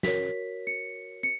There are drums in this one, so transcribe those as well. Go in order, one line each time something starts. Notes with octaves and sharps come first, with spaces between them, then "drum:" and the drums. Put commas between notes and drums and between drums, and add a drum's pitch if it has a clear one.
F#4 A#4 C#5 B6, drum: snare
C#7
C#7